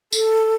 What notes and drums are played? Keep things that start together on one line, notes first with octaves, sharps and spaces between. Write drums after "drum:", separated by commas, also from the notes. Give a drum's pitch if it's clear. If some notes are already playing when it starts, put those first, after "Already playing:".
A4, drum: tambourine